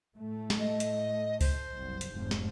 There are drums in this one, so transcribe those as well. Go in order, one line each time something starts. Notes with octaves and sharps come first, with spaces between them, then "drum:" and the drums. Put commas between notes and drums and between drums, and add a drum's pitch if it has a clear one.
A2 A3
drum: snare
D#5
drum: hi-hat
C5, drum: kick C#2, open hi-hat
F#1 C2
drum: hi-hat
F1 G#2 F3
drum: snare